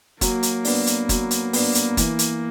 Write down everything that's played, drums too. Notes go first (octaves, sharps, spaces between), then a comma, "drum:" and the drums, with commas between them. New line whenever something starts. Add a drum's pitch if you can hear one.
F#3 A#3, drum: kick, hi-hat
drum: hi-hat
B3 D4, drum: open hi-hat
drum: hi-hat
F#3, drum: kick, hi-hat
drum: hi-hat
B3 D4, drum: open hi-hat
drum: hi-hat
E3, drum: kick, hi-hat
drum: hi-hat